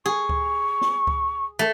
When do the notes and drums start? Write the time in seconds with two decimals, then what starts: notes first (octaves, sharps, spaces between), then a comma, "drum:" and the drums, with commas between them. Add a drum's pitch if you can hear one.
0.06 G#4 C#6
0.29 drum: kick C#2
0.81 drum: snare
1.07 drum: kick C#2
1.59 A3